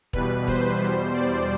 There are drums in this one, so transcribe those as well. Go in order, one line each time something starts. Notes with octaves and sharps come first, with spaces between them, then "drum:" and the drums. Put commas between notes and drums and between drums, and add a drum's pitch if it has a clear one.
E2 B2 G3 B4, drum: kick
C5, drum: kick
E2 B2 G3
D5